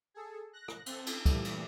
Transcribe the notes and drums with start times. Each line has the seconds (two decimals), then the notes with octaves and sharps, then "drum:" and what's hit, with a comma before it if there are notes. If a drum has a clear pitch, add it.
0.14 G#4 A4
0.53 F#6 A#6
0.68 drum: rim click
0.86 C4 A4, drum: cymbal
1.06 drum: cymbal
1.26 G2 A#2 E3 G3 A3, drum: kick, cymbal
1.45 drum: cymbal